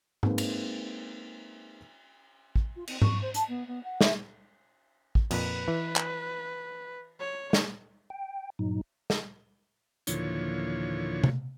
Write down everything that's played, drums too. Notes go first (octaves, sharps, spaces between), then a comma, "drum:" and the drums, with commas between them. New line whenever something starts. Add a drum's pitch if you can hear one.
G#3 A#3 C4 D#4 B4, drum: tom G#2
drum: cymbal
drum: kick A1
F4
C4, drum: cymbal
C#6, drum: tom G#2
C5
A5, drum: hi-hat
B3
B3
F#5
E5, drum: snare
drum: kick A1
F2 A#2 B4, drum: cymbal
E3
drum: clap
C#5
drum: snare
G5
G2 A#2 F#3 D#4
drum: snare
D#2 A#2 D3 E3 F3 C#5, drum: hi-hat
drum: tom C3